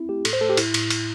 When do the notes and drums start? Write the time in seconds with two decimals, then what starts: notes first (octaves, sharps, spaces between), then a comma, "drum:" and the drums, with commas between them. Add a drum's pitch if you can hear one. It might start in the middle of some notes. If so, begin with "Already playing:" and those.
Already playing: C4 E4
0.09 A3 G4
0.25 A2 A4, drum: cymbal
0.33 C5
0.41 A3 A4
0.49 G4
0.57 A2 E4, drum: cymbal
0.74 A2, drum: cymbal
0.90 A2, drum: cymbal